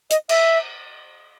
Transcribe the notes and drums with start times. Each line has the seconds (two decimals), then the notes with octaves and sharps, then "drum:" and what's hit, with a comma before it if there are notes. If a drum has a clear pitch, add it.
0.10 D#5, drum: hi-hat
0.29 E5, drum: cymbal